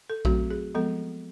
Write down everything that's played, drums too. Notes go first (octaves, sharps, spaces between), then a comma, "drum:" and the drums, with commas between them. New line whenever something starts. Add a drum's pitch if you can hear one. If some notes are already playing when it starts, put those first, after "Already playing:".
A4
F#3 A3 C4 F#4, drum: kick A#1
G#4
F3 G#3 B3 A4